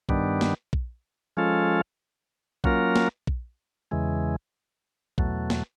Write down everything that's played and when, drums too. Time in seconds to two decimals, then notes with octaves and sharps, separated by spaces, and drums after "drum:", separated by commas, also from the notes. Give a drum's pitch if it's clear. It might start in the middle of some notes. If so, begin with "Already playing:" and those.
0.09 G2 D#3 G3 B3 D4, drum: kick A#1
0.41 drum: snare
0.73 drum: kick A#1
1.37 F3 G#3 C#4 F4 A4
2.64 F#3 A#3 C#4 F4 A#4, drum: kick A#1
2.96 drum: snare
3.27 drum: kick A#1
3.91 E2 C#3 E3 G#3
5.18 E2 B2 F#3 A3, drum: kick A#1
5.50 drum: snare